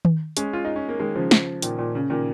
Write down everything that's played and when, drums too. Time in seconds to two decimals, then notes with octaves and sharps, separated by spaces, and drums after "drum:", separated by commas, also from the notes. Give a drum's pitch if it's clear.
0.05 drum: tom D#3
0.37 G#3 C#4, drum: hi-hat
0.53 F4
0.65 D#4
0.76 C#4
0.89 A#3
0.99 D#3 G#3
1.15 C#3 F3
1.31 drum: snare
1.62 A#2 D#3, drum: hi-hat
1.79 A#2
1.95 C#3
2.10 A#2 D#3